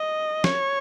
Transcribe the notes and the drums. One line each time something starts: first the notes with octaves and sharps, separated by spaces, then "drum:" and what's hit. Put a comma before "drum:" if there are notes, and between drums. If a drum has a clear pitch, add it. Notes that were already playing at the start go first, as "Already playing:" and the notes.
Already playing: D#5
C#5, drum: snare